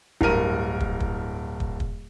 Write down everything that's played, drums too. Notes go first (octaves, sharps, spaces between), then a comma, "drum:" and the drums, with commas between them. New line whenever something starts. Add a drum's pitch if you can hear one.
D1 G2 A#4 D#7, drum: kick
drum: kick
drum: kick
drum: kick
drum: kick